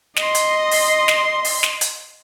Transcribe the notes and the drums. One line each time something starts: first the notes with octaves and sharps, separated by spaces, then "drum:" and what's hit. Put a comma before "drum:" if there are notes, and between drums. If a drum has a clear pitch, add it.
D#5 C6, drum: snare
drum: hi-hat
drum: open hi-hat
drum: snare
drum: open hi-hat
drum: snare
drum: hi-hat